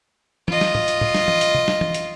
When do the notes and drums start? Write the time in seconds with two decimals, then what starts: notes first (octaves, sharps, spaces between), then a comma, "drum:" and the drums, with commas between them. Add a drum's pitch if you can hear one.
0.48 F4 D#5, drum: tom
0.61 drum: snare
0.75 drum: tom A2
0.88 drum: hi-hat
1.01 drum: tom A2
1.15 drum: snare
1.28 drum: tom
1.41 drum: hi-hat
1.55 drum: tom
1.68 drum: snare
1.81 drum: tom
1.94 drum: hi-hat